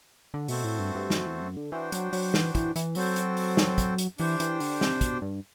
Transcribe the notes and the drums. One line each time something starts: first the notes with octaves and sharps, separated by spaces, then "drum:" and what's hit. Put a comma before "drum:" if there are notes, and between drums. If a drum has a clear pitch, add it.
D3
B2 A3 C4 F#4 A4 C5, drum: open hi-hat
A2
G2
G2
F#2, drum: snare
E2
F#2
D3
E3 D4 F#4 C5 G5
F#3, drum: hi-hat
F#3, drum: open hi-hat
E3, drum: snare
E3, drum: kick, hi-hat
E3, drum: hi-hat
F#3 C4 F#4 A4 C5 G5, drum: open hi-hat
drum: hi-hat
drum: open hi-hat
drum: snare
drum: kick, hi-hat
drum: hi-hat
E3 D4 G4 C5 G5, drum: open hi-hat
E3, drum: hi-hat
D3, drum: open hi-hat
C3, drum: snare
B2, drum: kick, hi-hat
G2